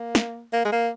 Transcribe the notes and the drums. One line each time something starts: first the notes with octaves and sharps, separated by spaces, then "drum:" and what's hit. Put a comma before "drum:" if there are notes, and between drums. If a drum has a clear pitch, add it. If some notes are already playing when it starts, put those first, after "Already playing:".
Already playing: A#3
drum: snare
A#3
G#3
A#3